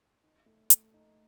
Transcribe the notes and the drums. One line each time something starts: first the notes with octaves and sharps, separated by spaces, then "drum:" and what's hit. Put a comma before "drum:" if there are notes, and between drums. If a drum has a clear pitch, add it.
D#4
A3
A3, drum: hi-hat
D#4